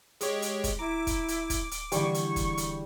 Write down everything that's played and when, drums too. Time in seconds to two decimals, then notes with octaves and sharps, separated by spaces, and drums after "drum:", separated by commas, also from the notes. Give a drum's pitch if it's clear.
0.21 G#3 G4 C#5, drum: hi-hat
0.42 drum: hi-hat
0.64 drum: kick, hi-hat
0.79 E4 A#5 D6
1.07 drum: kick, hi-hat
1.28 drum: hi-hat
1.50 drum: kick, hi-hat
1.71 drum: hi-hat
1.92 D3 E3 G3 G#4 C#6, drum: hi-hat
2.14 drum: hi-hat
2.36 drum: kick, hi-hat
2.58 drum: hi-hat